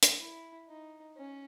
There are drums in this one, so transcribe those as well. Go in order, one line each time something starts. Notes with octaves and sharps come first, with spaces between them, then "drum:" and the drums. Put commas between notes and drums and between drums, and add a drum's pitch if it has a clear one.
drum: hi-hat
E4
D#4
C#4